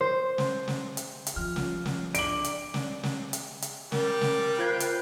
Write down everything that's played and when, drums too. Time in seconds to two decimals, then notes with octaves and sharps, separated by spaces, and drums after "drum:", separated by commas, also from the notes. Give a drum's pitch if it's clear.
0.01 C5
0.38 drum: snare
0.68 drum: snare
0.97 drum: hi-hat
1.27 drum: hi-hat
1.36 F3 F4 F6
1.56 drum: snare
1.86 drum: snare
2.15 D4 D5 D6 D7 F#7, drum: hi-hat
2.44 drum: hi-hat
2.74 drum: snare
3.03 drum: snare
3.33 drum: hi-hat
3.62 drum: hi-hat
3.92 G3 G4 A#4, drum: snare
4.21 drum: snare
4.59 F4 B4 C5 F5 G5 G#6
4.80 drum: hi-hat